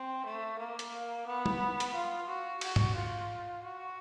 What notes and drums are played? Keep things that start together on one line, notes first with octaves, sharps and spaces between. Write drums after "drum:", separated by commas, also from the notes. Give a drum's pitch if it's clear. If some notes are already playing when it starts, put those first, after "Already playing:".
Already playing: C4
A3
A#3
drum: hi-hat
B3
drum: tom
drum: hi-hat
F4
F#4
F#4, drum: cymbal
drum: tom G#2
F4
F#4